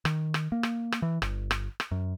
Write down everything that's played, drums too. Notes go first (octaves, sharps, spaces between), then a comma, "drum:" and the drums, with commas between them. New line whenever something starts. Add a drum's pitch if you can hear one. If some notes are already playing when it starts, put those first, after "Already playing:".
D#3, drum: rim click
drum: rim click
A#3
drum: rim click
drum: rim click
E3
G1, drum: rim click
drum: rim click
drum: rim click
F#2